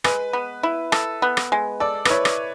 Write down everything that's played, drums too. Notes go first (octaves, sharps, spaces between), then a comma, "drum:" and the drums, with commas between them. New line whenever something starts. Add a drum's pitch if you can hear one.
G#3 B4, drum: rim click
B3
E4
A4, drum: rim click
B3
drum: rim click
G#3
A4 D5
B4, drum: rim click
E4 C#5
drum: rim click